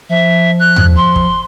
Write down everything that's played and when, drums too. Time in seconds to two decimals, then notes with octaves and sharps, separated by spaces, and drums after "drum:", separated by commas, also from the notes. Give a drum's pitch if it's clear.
0.09 F3 E5
0.59 F#6
0.76 drum: tom
0.96 C6
1.16 drum: kick